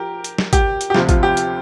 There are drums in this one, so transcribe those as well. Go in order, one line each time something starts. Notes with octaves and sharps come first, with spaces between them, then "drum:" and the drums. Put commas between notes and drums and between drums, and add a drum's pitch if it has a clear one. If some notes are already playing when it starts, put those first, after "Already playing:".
Already playing: F3 G4 A#4
drum: hi-hat
drum: snare
G4, drum: kick, hi-hat
drum: hi-hat
G4
D2 C3 F3 F4, drum: snare
F4, drum: kick, hi-hat
G4
drum: hi-hat